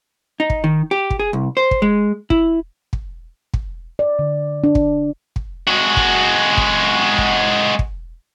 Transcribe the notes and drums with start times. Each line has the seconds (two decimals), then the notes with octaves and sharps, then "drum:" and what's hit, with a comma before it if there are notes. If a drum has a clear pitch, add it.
0.40 D#4
0.50 drum: kick
0.64 D#3
0.91 G4
1.10 drum: kick
1.19 G#4
1.33 C2
1.57 C5
1.71 drum: kick
1.82 G#3
2.30 E4, drum: kick
2.93 drum: kick
3.54 drum: kick
3.99 D5
4.19 D3
4.64 D4
4.75 drum: kick
5.36 drum: kick
5.68 G#3 F#4
5.97 drum: kick
6.57 drum: kick
7.18 drum: kick
7.79 drum: kick